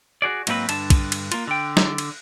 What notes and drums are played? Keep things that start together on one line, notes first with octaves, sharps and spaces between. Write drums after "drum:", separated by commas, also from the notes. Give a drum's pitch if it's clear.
F#4 G#4 D5
G#2 F#3 A#3 C4 A#4 B4, drum: cymbal
G2 D3 A5, drum: cymbal
drum: kick, cymbal
drum: cymbal
A#3 F4, drum: cymbal
D3 G5
drum: snare
drum: cymbal